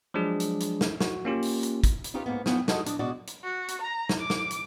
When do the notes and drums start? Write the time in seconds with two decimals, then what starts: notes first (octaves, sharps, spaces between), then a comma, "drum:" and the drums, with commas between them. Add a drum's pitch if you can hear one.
0.14 F3 F#3 G#3 D4 G#4
0.40 drum: hi-hat
0.60 drum: hi-hat
0.81 drum: snare
1.00 F#4, drum: snare
1.25 A#3 C#4 F4 G4
1.42 drum: open hi-hat
1.63 drum: hi-hat
1.84 drum: kick, hi-hat
2.04 drum: hi-hat
2.14 C#4 D#4 F4 G4 B4
2.26 G#2 A#3 B3
2.46 F3 B3 C#4 F#5 G5, drum: snare
2.68 G#3 D#4 F#4 A4 D#5, drum: snare
2.86 D4 D5 D#5, drum: hi-hat
2.99 B2 G#3 F#4 D5 D#5
3.27 drum: hi-hat
3.43 F#4
3.68 drum: hi-hat
3.82 A#5
4.09 drum: snare
4.20 D6
4.30 drum: snare
4.51 drum: hi-hat